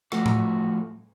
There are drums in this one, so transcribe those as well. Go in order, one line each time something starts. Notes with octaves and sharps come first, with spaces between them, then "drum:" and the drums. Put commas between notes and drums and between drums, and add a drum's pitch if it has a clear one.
F3 A3 F#4, drum: rim click
drum: tom A2